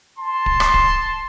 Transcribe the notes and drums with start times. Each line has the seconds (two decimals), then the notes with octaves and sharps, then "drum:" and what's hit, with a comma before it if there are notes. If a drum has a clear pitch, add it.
0.18 A5 C6
0.46 drum: kick D1
0.60 drum: rim click
0.74 drum: kick D1